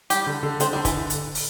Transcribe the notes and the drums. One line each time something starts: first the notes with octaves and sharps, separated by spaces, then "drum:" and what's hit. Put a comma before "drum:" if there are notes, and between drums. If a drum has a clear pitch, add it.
G3 G4, drum: hi-hat
D3
D3
D3 C4, drum: hi-hat
G3
D3
E3, drum: kick, hi-hat
drum: hi-hat
drum: open hi-hat